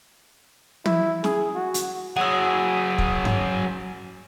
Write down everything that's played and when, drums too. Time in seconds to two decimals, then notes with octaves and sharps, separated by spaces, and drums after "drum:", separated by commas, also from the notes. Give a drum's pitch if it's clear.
0.86 E4, drum: tom
1.24 G#4, drum: snare
1.55 F#4
1.74 drum: hi-hat
2.17 F#3 G#4 F#5 E6
2.98 drum: kick
3.25 drum: tom G2